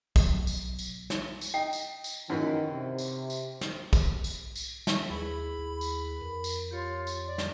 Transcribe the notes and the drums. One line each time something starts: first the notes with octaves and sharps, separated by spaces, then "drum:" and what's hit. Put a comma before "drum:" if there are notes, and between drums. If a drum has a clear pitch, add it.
B1 F#3, drum: kick, tambourine
drum: tambourine
drum: tambourine
drum: snare
drum: tambourine
D#4 G5
drum: tambourine
drum: tambourine
F#2 D#3 E3
C3
drum: tambourine
drum: tambourine
drum: snare
drum: kick, tambourine
drum: tambourine
drum: tambourine
drum: snare
D#2 E4 G#4 B4 B5
D#2
drum: tambourine
F2 A#4
drum: tambourine
F4 G4 C#5 C6
drum: tambourine
D5
drum: snare